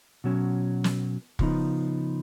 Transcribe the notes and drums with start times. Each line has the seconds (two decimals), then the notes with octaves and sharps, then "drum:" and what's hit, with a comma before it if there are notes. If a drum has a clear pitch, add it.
0.24 B2 F#3 C#4
0.84 drum: snare
1.39 C#3 F3 B3 D#4, drum: kick